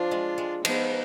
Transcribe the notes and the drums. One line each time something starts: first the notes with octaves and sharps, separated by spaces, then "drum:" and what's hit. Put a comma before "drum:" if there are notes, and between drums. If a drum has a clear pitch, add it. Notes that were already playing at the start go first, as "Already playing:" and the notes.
Already playing: F3 D4 F4
G#3
G#3
F3 B3 D#4, drum: cymbal